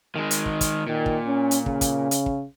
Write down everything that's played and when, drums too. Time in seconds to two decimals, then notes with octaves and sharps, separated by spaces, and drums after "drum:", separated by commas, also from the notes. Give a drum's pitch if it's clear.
0.16 D#3 G#3
0.31 drum: hi-hat
0.46 drum: kick
0.61 drum: kick, hi-hat
0.87 A#2 D#3
1.06 drum: kick
1.26 C#4
1.51 drum: hi-hat
1.66 C#3, drum: kick
1.81 drum: kick, hi-hat
2.11 drum: hi-hat
2.26 drum: kick